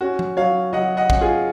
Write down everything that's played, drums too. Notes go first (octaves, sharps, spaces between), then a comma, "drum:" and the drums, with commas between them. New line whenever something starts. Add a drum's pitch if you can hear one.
C#4 F#4
drum: tom F3
F#3 C#5 F5
F#3 D#5 F#5
D#5 F#5
C#4, drum: kick
F4 G#4